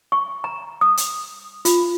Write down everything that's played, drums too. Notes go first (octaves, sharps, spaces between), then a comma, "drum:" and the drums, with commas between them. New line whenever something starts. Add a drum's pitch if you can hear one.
C#6
A#5
D#6
drum: hi-hat
F4, drum: hi-hat